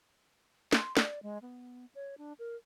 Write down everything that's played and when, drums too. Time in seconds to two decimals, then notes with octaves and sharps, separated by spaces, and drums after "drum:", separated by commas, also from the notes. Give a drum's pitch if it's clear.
0.73 C6, drum: snare
0.97 D5, drum: snare
1.23 G#3
1.42 B3
1.95 C#5
2.18 D4
2.39 A#4